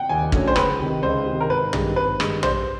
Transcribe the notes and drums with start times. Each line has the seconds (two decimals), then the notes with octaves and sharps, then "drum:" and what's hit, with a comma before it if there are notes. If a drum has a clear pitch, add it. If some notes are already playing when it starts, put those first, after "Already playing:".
Already playing: F#5 G5
0.09 D#2 G#5
0.32 D3 F#3 A3 C#4, drum: kick
0.48 C5
0.56 C#2 B4, drum: rim click
0.80 C3 D#3
1.03 C#2 C5
1.26 C3 D#3
1.41 A#4
1.49 G#1 B4
1.73 G2 D#3 G#3, drum: tom
1.96 G#1 B4
2.20 G2 D#3 G#3, drum: rim click
2.43 G2 C5, drum: tom